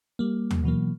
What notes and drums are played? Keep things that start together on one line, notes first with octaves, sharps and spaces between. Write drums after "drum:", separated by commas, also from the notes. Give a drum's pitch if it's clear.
G3 A#3
drum: tom D#2
B2 E3 F#3 A#3